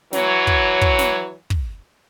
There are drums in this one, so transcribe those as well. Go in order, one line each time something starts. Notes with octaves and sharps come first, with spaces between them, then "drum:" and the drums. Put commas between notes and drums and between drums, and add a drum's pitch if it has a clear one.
E3 F#3 C#5, drum: snare
drum: kick
drum: kick
drum: snare
drum: kick